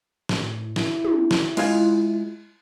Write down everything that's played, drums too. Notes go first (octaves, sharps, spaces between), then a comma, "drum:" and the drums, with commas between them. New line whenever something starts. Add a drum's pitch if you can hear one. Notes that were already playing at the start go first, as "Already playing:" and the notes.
A2, drum: snare
E4, drum: snare
drum: tom
drum: snare
G#3 F4 G#5, drum: cymbal